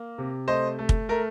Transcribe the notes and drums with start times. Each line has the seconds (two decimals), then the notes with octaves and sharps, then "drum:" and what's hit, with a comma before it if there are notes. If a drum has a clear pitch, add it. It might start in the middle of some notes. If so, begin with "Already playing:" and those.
Already playing: A#3
0.18 C3
0.48 A3 C5 D#5
0.79 A3
0.89 drum: kick
1.09 A3 A#4